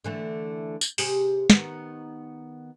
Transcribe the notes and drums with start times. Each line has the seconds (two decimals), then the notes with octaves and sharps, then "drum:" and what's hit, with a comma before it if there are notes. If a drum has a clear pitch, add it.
0.04 D3 E3 A3
0.81 drum: tambourine
0.98 C3 G4 G#4, drum: open hi-hat
1.50 D#3 B3, drum: snare